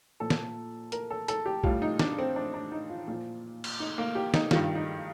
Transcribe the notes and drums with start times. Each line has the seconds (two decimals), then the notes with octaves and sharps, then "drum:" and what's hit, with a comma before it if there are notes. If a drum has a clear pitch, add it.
0.20 A#2 F3 A4
0.30 drum: snare
0.92 A#4, drum: hi-hat
1.10 A4
1.28 A4, drum: hi-hat
1.46 G4
1.64 A2 G3 F4, drum: kick
1.82 D#4
1.99 D4, drum: snare
2.19 C4
2.36 D4
2.54 D4
2.72 D#4
2.90 F4
3.08 A#2 F3 F4
3.64 drum: cymbal
3.80 D#4
3.98 A#3
4.15 G4
4.34 D#4, drum: snare
4.51 G2 D#3 G3 F4, drum: snare
4.75 D#4